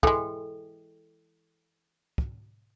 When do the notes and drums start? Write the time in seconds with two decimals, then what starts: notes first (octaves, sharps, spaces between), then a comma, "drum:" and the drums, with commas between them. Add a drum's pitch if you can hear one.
0.03 E3 G#3 A4 G5, drum: kick
2.18 drum: kick